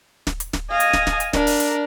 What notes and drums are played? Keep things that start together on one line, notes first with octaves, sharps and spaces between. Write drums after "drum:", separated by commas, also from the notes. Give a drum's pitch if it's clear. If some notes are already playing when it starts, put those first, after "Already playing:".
drum: snare
drum: hi-hat
drum: snare
D#5 F5 G#5
drum: hi-hat
drum: snare
drum: snare
drum: hi-hat
D4 A#4, drum: snare
drum: open hi-hat
drum: hi-hat